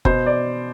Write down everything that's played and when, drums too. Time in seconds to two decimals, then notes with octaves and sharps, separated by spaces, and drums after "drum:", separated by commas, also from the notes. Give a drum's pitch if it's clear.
0.05 B2 C5, drum: kick F#1
0.26 D5